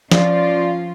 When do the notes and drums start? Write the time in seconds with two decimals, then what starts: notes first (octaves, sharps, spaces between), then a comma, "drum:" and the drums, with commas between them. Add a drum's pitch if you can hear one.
0.12 F3 C#4 F4 D5, drum: snare